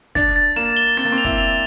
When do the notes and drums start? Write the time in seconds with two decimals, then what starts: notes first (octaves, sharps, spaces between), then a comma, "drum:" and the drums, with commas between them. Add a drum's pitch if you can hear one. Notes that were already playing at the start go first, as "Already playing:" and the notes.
0.15 D4 A6, drum: kick, hi-hat
0.36 A6
0.56 A#3 E7
0.77 G7
0.97 C4 A6, drum: hi-hat
1.05 A#3
1.12 C4
1.18 F7
1.24 E4, drum: kick, hi-hat
1.38 F7